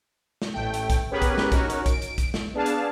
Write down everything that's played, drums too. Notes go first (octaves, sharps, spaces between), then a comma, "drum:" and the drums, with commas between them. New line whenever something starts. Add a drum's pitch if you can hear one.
drum: snare
A1 A3 G5
drum: hi-hat
drum: kick, hi-hat
B3 C#4 G4 G#4 A#4 B4
drum: kick, hi-hat
drum: snare
C#4 D#4 F#4 A#4, drum: kick, hi-hat
drum: hi-hat
D7, drum: kick, hi-hat
drum: hi-hat
drum: kick, hi-hat
drum: snare
B3 D4 G#4 F5 A5
drum: hi-hat